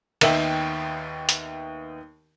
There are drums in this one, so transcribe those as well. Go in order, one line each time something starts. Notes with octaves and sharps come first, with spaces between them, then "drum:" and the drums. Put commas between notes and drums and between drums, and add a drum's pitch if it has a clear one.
D#2 B3 D#4 E5 G5 F#7, drum: cymbal
drum: hi-hat